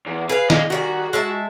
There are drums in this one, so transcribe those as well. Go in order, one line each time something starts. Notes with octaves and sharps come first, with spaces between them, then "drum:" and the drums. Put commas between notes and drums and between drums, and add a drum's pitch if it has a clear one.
E2
G#4 B4 F5
D#5, drum: snare
D#3 G3 F#4 G#4
G#3 E5 A5